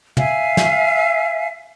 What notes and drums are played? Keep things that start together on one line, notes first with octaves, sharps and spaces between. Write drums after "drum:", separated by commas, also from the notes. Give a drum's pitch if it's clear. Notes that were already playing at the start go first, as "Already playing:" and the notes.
E5 F5 G#5, drum: tom
drum: snare